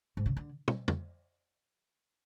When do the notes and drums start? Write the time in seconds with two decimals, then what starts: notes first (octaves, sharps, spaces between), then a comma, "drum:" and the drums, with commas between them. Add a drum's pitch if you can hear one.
0.17 G#2
0.26 C#3
0.37 D3
0.68 drum: tom
0.88 drum: tom